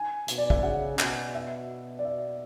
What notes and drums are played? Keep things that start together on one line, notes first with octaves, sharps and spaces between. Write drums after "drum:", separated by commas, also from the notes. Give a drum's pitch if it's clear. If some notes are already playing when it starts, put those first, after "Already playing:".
Already playing: G#5
B2, drum: hi-hat
D5
E5, drum: kick
C#3 F#5
B2, drum: clap
E5
D5
E5